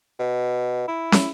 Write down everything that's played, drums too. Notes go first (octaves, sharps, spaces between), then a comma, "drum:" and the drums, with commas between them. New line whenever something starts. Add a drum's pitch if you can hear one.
B2
E4
drum: snare